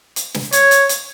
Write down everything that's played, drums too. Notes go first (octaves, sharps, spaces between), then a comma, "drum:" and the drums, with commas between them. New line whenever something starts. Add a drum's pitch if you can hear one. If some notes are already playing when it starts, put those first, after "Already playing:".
drum: hi-hat
drum: snare
C#5, drum: hi-hat
drum: hi-hat
drum: hi-hat